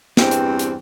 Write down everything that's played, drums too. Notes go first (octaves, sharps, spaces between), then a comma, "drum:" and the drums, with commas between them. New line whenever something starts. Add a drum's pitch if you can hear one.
E2 G2 C4, drum: snare
drum: hi-hat
drum: hi-hat